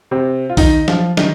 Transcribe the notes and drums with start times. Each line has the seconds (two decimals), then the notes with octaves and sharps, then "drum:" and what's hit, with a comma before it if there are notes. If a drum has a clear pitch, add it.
0.11 C3 C4
0.50 F4
0.57 D#3 D#4, drum: kick A#1, open hi-hat
0.88 F3 F4, drum: snare
1.17 D#3 D#4, drum: snare